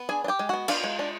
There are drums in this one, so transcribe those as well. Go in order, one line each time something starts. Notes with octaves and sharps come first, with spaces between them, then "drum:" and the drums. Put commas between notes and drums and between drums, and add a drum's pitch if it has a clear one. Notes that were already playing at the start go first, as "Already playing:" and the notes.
Already playing: B3
D4 G#4 G#5
D4
G4 G5
G#3
B3 F#4 F#5
D4 F4 F5, drum: cymbal
G#3
D4